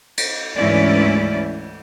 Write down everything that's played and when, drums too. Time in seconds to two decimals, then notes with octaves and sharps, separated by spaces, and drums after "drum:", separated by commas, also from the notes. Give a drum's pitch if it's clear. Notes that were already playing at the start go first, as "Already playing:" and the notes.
0.17 drum: cymbal
0.56 D2 G#2 E3 C#4 E4 D5